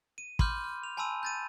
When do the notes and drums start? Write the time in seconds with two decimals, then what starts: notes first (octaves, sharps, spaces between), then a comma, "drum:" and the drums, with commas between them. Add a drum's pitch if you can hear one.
0.18 D#7
0.39 B5 C6 D6 F6 G6, drum: kick
0.64 F6
0.83 F7
0.97 G#5 A5 B5 C6 E6 D#7
1.23 G6 A6 D#7